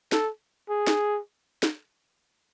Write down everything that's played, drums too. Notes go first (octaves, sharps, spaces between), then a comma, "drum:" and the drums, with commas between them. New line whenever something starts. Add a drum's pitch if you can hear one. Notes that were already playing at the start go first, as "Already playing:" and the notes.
A4, drum: snare
G#4
drum: snare
drum: snare